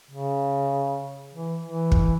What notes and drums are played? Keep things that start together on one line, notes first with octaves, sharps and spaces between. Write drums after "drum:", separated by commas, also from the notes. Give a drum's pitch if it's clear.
C#3
E3
E3
drum: kick